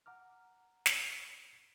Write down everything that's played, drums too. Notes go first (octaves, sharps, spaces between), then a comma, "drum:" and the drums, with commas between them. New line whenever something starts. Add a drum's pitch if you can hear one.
F#5 A#5 D6 F6
drum: snare